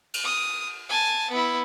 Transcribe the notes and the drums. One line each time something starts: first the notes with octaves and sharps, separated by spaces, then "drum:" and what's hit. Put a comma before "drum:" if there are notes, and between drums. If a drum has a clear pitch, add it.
drum: cymbal
D#6
G#5 A5
B3 E4